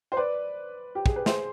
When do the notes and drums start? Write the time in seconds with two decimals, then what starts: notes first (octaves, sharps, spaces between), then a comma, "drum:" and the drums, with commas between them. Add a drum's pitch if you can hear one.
0.12 C5
0.17 B4 D5
0.95 G4
1.06 G#4, drum: kick
1.16 B4
1.26 G#4 C5, drum: snare